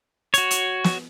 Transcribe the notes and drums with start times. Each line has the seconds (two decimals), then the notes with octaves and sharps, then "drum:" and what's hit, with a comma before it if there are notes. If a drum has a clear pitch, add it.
0.34 F#4 C#5, drum: hi-hat
0.51 drum: hi-hat
0.84 drum: snare